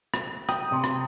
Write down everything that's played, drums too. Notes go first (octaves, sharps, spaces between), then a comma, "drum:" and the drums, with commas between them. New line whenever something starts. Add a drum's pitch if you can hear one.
drum: rim click
G5 D#6, drum: rim click
C3
drum: rim click